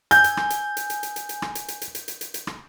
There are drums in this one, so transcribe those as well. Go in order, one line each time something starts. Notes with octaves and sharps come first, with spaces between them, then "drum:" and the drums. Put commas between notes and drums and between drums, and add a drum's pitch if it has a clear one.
G#5 G6, drum: hi-hat
drum: hi-hat
drum: rim click
drum: hi-hat
drum: hi-hat
drum: hi-hat
drum: hi-hat
drum: hi-hat
drum: hi-hat
drum: rim click
drum: hi-hat
drum: hi-hat
drum: hi-hat
drum: hi-hat
drum: hi-hat
drum: hi-hat
drum: hi-hat
drum: rim click